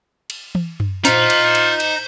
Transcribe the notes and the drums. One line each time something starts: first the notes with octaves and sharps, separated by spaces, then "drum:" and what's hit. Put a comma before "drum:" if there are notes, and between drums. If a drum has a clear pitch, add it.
drum: cymbal
drum: tom E3
drum: tom F#2
D#4 F4 C5 A#5, drum: snare
drum: cymbal
drum: cymbal
drum: cymbal